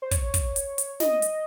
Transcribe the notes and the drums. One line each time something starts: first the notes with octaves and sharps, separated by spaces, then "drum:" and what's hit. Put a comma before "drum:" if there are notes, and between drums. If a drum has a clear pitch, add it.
C5
C#5, drum: kick, hi-hat
drum: kick, hi-hat
drum: hi-hat
drum: hi-hat
D#5, drum: snare
drum: hi-hat